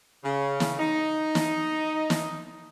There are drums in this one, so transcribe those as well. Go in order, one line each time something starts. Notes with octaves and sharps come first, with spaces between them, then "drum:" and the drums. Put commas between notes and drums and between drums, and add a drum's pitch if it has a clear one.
C#3
drum: snare
D#4
drum: snare
drum: snare